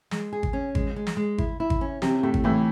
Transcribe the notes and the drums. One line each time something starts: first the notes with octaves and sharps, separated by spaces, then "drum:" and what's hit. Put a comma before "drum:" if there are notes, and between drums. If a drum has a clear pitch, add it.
G#3, drum: snare
G#4
drum: kick G#1
C#4
G#3, drum: kick G#1
G#3
drum: snare
G#3
E4, drum: kick G#1
E4
drum: kick G#1
C#4
C3 C#4, drum: snare
A2 A3
drum: kick G#1
A2 E3